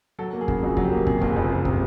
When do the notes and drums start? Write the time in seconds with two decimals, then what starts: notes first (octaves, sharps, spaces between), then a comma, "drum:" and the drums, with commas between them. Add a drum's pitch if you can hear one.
0.19 F#3 A4
0.33 A#3
0.41 G#4
0.48 C#3, drum: kick
0.63 F2 F#4
0.77 F#3, drum: kick
0.84 G4
0.92 A#3
1.07 C3 G#4, drum: kick
1.22 F#1, drum: kick
1.36 F2
1.51 F#1
1.65 C3, drum: kick